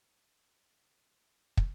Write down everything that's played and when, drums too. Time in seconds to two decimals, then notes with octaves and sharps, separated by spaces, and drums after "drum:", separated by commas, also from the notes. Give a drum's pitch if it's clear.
0.22 G#4 A4 C5 F5 G#5
1.07 D#3 F#4 C5 C#5
1.57 drum: kick